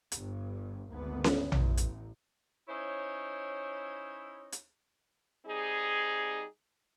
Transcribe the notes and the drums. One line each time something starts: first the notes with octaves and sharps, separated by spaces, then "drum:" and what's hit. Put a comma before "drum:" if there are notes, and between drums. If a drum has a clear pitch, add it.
G1 G2, drum: hi-hat
G#1 D2 B3
drum: snare C#4
A1, drum: tom A#1
drum: hi-hat
C#4 D#4 E4 C5 C#5
drum: hi-hat
G3 C4 D#4 G#4